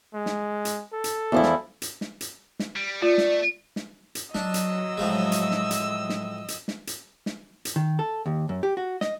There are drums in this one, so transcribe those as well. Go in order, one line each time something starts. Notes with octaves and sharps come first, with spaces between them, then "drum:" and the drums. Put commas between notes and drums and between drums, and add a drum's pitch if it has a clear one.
G#3
drum: snare
drum: hi-hat
A4
drum: hi-hat
E2 F3 E4
drum: snare
drum: hi-hat
drum: snare
drum: hi-hat
drum: snare
G3
A3 F4 D5
drum: snare
drum: snare
drum: hi-hat
F#3 D4 D#5 E6, drum: snare
drum: hi-hat
A2 F3 G#3
drum: hi-hat
drum: snare
drum: hi-hat
drum: snare
drum: hi-hat
drum: snare
drum: hi-hat
drum: snare
drum: hi-hat
D#3
A4
D#2
F#2
G4
F#4
D#5, drum: snare